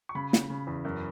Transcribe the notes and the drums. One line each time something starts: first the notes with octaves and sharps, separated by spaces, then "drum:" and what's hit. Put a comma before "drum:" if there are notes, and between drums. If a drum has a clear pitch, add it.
C#6
C#3 B5
C#3, drum: snare
C#3
E2
F#2